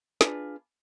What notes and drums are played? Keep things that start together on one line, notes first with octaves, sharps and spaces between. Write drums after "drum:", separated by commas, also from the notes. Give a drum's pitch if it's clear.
D4 F4 G#4 B4, drum: snare